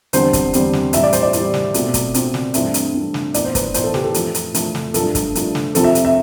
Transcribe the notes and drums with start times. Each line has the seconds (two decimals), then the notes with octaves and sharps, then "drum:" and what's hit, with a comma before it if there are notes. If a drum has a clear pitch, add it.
0.13 E2 D3 G3 C4 C5, drum: hi-hat
0.33 drum: kick, hi-hat
0.53 E2 D3 G3 C4, drum: hi-hat
0.73 drum: snare
0.93 A2 E3 G3 E5, drum: hi-hat
1.03 D5
1.13 C5, drum: hi-hat
1.22 D5
1.33 A2 E3 G3, drum: hi-hat
1.54 drum: snare
1.74 B2 A3 C4, drum: hi-hat
1.94 drum: kick, hi-hat
2.14 B2 A3 C4, drum: hi-hat
2.34 drum: snare
2.54 G2 E3 A3 C4 E5, drum: hi-hat
2.74 drum: hi-hat
2.94 G2 E3 A3 C4
3.14 drum: snare
3.34 A2 E3 B3 D5, drum: hi-hat
3.45 C5
3.55 B4, drum: kick, hi-hat
3.74 A2 E3 B3 C5, drum: hi-hat
3.84 A4
3.94 G4, drum: snare
4.04 A4
4.14 F2 E3 A3, drum: hi-hat
4.34 drum: hi-hat
4.54 F2 E3 A3, drum: hi-hat
4.75 drum: snare
4.94 G2 F3 A3 A4, drum: hi-hat
5.15 drum: kick, hi-hat
5.35 G2 F3 A3, drum: hi-hat
5.55 drum: snare
5.75 F2 C3 F3 C4 A4, drum: hi-hat
5.84 E5
5.95 drum: hi-hat
6.05 E5